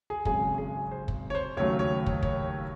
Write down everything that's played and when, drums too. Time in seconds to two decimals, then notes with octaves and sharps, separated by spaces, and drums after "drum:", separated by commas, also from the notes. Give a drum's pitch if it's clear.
0.10 G#4
0.25 G#1 F#2 C#3 G#4, drum: kick
0.58 G#4
0.91 C5
1.08 drum: kick
1.30 C#5
1.35 C5
1.57 D#2 C#3 F#3 A3 C#5
1.79 C#5
2.06 drum: kick
2.23 C#5, drum: kick